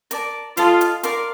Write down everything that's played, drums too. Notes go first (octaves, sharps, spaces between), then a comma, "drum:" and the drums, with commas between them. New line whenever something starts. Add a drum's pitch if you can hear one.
A#4 D5 A5, drum: hi-hat
F4 A4 D#5 A5, drum: hi-hat
drum: hi-hat
A#4 D5 F5 C6, drum: hi-hat